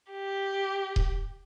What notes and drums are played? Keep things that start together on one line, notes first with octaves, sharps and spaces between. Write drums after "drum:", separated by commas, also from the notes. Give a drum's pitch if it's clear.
G4
drum: kick D#1